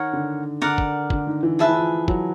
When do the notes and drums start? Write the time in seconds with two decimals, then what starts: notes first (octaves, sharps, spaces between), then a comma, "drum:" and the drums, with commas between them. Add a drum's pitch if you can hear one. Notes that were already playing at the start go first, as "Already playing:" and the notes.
Already playing: D#3 A#4 C#5 F#5
0.13 D3
0.62 D3 A#4 D5 F#5
0.78 drum: kick
1.10 D3, drum: kick
1.27 D#3
1.43 E3
1.59 F3 G#4 B4 E5 A5
1.69 E3
1.77 F3
2.08 F#3, drum: kick